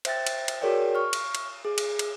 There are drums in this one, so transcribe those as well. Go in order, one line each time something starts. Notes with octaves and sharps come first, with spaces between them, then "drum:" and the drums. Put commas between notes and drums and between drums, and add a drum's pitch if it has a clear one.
C5 E5 G5 A6, drum: cymbal
drum: cymbal
drum: cymbal
F#4 G#4 A#4 C#5 D5 G5
C#6 F6
drum: cymbal
drum: cymbal
G#4
drum: cymbal
drum: cymbal